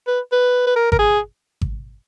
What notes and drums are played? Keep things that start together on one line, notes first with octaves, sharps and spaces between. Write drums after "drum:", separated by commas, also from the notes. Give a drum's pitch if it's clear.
B4
B4
B4
A#4
A#4, drum: kick G#1
G#4
drum: kick G#1